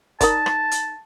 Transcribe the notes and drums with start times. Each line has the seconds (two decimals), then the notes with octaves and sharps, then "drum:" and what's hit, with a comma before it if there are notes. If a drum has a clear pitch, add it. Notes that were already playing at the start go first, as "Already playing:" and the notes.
0.21 D#4 A#4 D5 A5, drum: kick G1, hi-hat
0.46 drum: rim click
0.71 drum: hi-hat